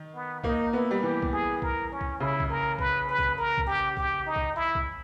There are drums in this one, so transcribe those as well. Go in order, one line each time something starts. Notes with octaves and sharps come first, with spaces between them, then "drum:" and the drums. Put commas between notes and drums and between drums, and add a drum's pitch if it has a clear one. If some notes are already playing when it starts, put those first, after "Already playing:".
Already playing: D#3
B3
A#3 D#4, drum: kick
B3 E4
G3
E3 G4
drum: kick
G#4
A#4, drum: kick
C#4
drum: kick
C#3 E4
drum: kick
A#4
B4, drum: kick
B4
drum: kick
A#4
drum: kick
G4
G4, drum: kick
D#4
drum: kick
E4
drum: kick